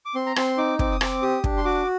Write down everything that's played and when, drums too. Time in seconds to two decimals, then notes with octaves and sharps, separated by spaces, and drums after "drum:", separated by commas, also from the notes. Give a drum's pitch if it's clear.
0.06 D6
0.15 C4 C6
0.26 A#5
0.36 C4 C6, drum: rim click
0.58 D#4 D6
0.79 C4 D6, drum: kick
0.92 D#6
1.01 C4 D6, drum: rim click
1.22 G4 D#6
1.44 D4, drum: kick
1.57 C6
1.65 F#4 D6